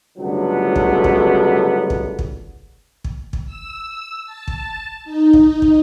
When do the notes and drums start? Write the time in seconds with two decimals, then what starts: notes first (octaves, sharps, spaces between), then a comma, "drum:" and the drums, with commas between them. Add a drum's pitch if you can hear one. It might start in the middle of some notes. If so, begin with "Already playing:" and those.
0.18 C#2 G2 D3 F#3 A3 B3
0.76 drum: kick
1.04 drum: kick
1.90 drum: kick
2.19 drum: kick
3.04 drum: kick
3.33 drum: kick
3.46 E6
4.26 A5
4.48 drum: kick
5.05 D#4
5.33 drum: kick
5.62 drum: kick